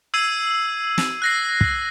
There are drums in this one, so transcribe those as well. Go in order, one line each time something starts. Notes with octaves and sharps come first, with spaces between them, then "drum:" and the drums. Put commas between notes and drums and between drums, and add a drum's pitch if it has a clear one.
E6 G#6 C7 D#7 F#7
drum: snare
F#6 A#6 C7
drum: kick